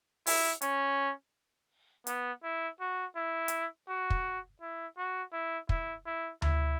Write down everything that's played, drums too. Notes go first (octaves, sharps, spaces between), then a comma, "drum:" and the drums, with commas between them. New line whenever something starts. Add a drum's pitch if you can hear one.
E4, drum: open hi-hat
C#4, drum: hi-hat
B3, drum: hi-hat
E4
F#4
E4
drum: hi-hat
F#4
drum: kick
E4
F#4
E4
E4, drum: kick
E4
E4, drum: tom D2